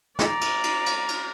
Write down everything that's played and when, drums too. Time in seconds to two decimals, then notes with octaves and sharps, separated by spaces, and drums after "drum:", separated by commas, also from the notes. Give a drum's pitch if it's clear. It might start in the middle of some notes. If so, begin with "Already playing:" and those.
0.19 D5 A#5, drum: snare
0.41 drum: cymbal
0.64 drum: cymbal
0.86 drum: cymbal
1.08 drum: cymbal